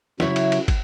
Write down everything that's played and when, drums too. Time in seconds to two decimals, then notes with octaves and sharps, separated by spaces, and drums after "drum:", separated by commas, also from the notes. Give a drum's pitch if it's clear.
0.20 C#3 F#3 E4 C#5 E5, drum: snare
0.36 drum: cymbal
0.52 drum: cymbal
0.68 drum: kick, cymbal